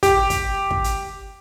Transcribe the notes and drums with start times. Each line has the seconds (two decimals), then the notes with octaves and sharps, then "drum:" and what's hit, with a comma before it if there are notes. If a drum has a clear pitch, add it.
0.03 G4, drum: kick, hi-hat
0.30 drum: kick, hi-hat
0.71 drum: kick
0.84 drum: hi-hat